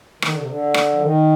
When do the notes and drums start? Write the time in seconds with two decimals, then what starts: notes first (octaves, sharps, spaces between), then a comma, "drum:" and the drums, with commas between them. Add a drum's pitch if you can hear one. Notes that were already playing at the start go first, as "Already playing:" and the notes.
0.22 D#3, drum: rim click
0.31 D3
0.39 C3
0.46 D3
0.74 drum: rim click
0.94 F3
1.01 D#3